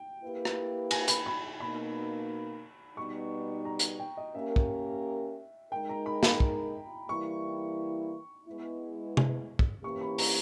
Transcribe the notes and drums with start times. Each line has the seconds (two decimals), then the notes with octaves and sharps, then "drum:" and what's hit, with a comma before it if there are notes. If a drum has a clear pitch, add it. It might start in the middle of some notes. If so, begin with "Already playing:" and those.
Already playing: G5
0.23 A#3 E4 G4 B4
0.45 drum: rim click
0.91 G#5, drum: cymbal
1.08 B5, drum: hi-hat
1.26 B5
1.60 B2 A#3 D#4 B5
2.97 B2 G3 B3 D#4 C#6
3.65 A#5
3.79 drum: hi-hat
4.00 G5
4.17 D#5
4.34 A#3 C#4 G4 A#4 E5
4.56 drum: kick
5.72 G#3 D#4 A#4 G5
5.89 A#5
6.06 B5
6.23 B5, drum: snare
6.40 drum: kick
7.09 E3 G3 A#3 E4 C#6
8.46 G#3 B3 E4
9.17 drum: tom C3
9.59 drum: kick
9.84 E3 A#3 C#4 E4 G4 C#6
10.01 B5
10.18 A#5, drum: open hi-hat